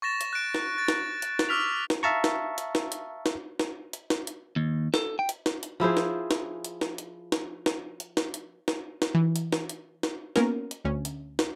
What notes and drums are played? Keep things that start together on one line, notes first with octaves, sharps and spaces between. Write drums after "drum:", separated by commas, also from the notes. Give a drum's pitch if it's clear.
C#6 A6 A#6 E7
drum: hi-hat
F#6 D7
drum: snare
A6
drum: snare
drum: hi-hat
drum: snare
C#6 D6 E6 F6 B6 F7
drum: snare
E5 F5 A5 A#5 C#6
drum: snare
drum: hi-hat
drum: snare
drum: hi-hat
drum: snare
drum: snare
drum: hi-hat
drum: snare
drum: hi-hat
D#2
A4, drum: snare
G5
drum: hi-hat
drum: snare
drum: hi-hat
F3 E4 G#4 C5
drum: snare
drum: snare
drum: hi-hat
drum: snare
drum: hi-hat
drum: snare
drum: snare
drum: hi-hat
drum: snare
drum: hi-hat
drum: snare
drum: snare
E3
drum: hi-hat
drum: snare
drum: hi-hat
drum: snare
A#3 B3 C#4 A#4, drum: snare
drum: hi-hat
D2 C#4
drum: hi-hat
drum: snare